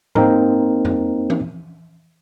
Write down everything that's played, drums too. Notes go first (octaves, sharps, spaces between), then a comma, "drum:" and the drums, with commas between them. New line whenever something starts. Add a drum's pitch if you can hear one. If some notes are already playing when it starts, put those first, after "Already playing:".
A#3 C4 D#4 A#4, drum: tom G#2
drum: tom F2
drum: tom E3